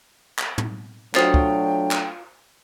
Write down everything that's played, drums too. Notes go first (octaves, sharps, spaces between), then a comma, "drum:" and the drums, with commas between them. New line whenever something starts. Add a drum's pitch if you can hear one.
drum: clap
drum: tom
F#3 A3 D4 F4 F#4 C5 G5 D#6, drum: clap
drum: kick
drum: clap